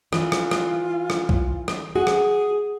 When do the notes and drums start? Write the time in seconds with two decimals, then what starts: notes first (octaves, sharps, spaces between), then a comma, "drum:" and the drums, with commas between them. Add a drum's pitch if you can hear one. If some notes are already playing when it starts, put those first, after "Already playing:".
0.13 E3 F4, drum: rim click
0.32 drum: rim click
0.51 drum: rim click
1.10 drum: rim click
1.29 drum: kick B1
1.68 drum: rim click
1.95 F#4 G#4
2.07 drum: rim click